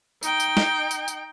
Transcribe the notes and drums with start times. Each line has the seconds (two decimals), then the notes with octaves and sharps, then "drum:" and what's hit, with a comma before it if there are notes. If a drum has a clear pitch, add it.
0.23 D#4 G5, drum: tambourine
0.40 drum: tambourine
0.57 drum: snare
0.91 drum: tambourine
1.08 drum: tambourine